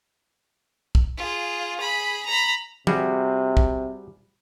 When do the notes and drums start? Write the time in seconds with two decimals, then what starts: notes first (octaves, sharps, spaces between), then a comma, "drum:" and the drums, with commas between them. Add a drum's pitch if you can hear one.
0.95 drum: kick
1.17 F4 G#4
1.80 G#4 B5
2.26 A#5 B5
2.87 C3 G3 F#4 G#4, drum: tom E3
3.57 drum: kick